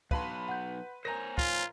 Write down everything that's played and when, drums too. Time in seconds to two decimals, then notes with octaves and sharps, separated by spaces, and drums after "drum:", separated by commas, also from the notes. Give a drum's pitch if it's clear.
0.11 B2 F#3 B4 F5 A5 B5 C6, drum: kick
0.48 F#5 G6
1.05 A#4 C5 C#5 G#5 A#5 G6 A#6
1.38 F4, drum: kick